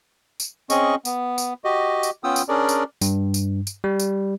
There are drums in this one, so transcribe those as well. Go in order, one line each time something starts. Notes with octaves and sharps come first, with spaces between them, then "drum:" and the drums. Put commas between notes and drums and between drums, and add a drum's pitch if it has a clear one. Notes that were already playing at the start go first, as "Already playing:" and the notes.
drum: tambourine
C4 C#4 G#4 D#5 C#6, drum: tambourine
B3, drum: tambourine
drum: tambourine
F#4 G4 D#5
drum: tambourine
B3 C#4 F4 G5 D#6 E6
drum: tambourine
C#4 D4 G#4 A#4 D5
drum: tambourine
G2, drum: tambourine
drum: tambourine
drum: tambourine
G3
drum: tambourine